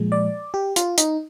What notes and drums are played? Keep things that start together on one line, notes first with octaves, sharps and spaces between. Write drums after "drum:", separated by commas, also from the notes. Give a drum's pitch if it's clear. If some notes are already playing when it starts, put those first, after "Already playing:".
Already playing: A#2 F3 G#3
D5
G4
F4, drum: hi-hat
D#4, drum: hi-hat